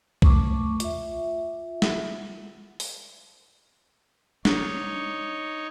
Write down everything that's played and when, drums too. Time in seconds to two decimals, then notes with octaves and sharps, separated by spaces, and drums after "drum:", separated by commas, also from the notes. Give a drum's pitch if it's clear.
0.22 A3 C#6 D6, drum: kick B1
0.80 F4 E5, drum: hi-hat
1.82 drum: snare
2.80 drum: open hi-hat
4.45 D4 D#4 C#5, drum: snare